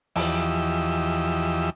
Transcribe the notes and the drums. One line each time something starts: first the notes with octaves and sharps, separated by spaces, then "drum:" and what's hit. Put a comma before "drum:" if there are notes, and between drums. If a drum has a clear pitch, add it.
E2 E3 F3 G4 D#5 E6, drum: open hi-hat